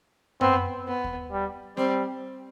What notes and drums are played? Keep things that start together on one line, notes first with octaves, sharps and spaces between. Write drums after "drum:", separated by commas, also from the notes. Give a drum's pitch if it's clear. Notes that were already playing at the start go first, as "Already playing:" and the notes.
B3 C4, drum: tom F#2
B3
drum: kick D#2
G3
G3 C4, drum: snare